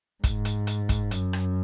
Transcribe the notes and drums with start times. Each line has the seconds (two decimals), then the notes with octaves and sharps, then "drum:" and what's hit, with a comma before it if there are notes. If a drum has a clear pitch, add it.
0.24 G#2, drum: kick, hi-hat
0.45 drum: hi-hat
0.67 drum: hi-hat
0.89 drum: kick, hi-hat
1.11 F#2, drum: hi-hat
1.33 drum: rim click